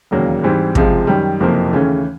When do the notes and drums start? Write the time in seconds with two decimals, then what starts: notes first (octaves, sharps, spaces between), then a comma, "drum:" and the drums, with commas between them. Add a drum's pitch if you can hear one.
0.11 E1 D#2 C#3 F#3 A#3
0.43 G#2 E3 G3 C4
0.75 C#2 C3 F3 G#3, drum: kick
1.07 F#2 D#3 G3
1.40 F#1 F2 C3 F3 A#3
1.71 D#2 C#3 E3 A3 C#4